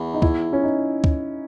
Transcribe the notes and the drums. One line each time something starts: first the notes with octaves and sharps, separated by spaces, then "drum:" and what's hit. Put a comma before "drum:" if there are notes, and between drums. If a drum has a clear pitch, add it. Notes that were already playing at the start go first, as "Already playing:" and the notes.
Already playing: E2
D#4
E4, drum: kick D2
C#4
D#4
drum: kick D2